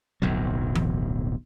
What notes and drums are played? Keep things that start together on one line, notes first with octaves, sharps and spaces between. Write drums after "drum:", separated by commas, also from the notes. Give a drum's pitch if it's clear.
D1 B1 F2 F#3
drum: tom E3